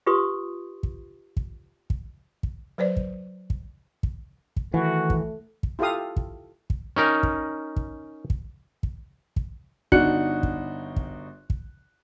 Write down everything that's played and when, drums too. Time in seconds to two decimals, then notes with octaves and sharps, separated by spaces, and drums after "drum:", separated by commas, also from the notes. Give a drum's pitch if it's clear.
0.06 F4 G4 B4 C6 C#6 D#6
0.83 drum: kick
1.37 drum: kick
1.90 drum: kick
2.43 drum: kick
2.78 F#3 B4 C5 D5
2.97 drum: kick
3.50 drum: kick
4.03 drum: kick
4.57 drum: kick
4.74 D#3 E3 A3 F#4
5.10 drum: kick
5.63 drum: kick
5.79 E4 F4 G4 A4 F5 D#6
6.16 drum: kick
6.70 drum: kick
6.96 C#4 D#4 A#4
7.23 drum: kick
7.76 drum: kick
8.30 drum: kick
8.83 drum: kick
9.36 drum: kick
9.92 G1 D4 D#4 F#4 F#6 C#7, drum: kick
10.43 drum: kick
10.96 drum: kick
11.50 drum: kick